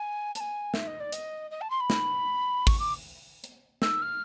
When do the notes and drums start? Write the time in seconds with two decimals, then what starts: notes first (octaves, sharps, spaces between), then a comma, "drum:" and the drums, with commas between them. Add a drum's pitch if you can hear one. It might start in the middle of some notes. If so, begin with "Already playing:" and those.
Already playing: G#5
0.35 A5, drum: hi-hat
0.40 G#5
0.74 E5, drum: snare
0.87 D#5
1.00 D5
1.12 D#5, drum: hi-hat
1.51 D#5
1.61 A5
1.70 C6
1.80 B5
1.90 drum: snare
2.67 C#6, drum: kick, open hi-hat
2.79 D6
3.44 drum: hi-hat
3.82 E6, drum: snare
4.02 F6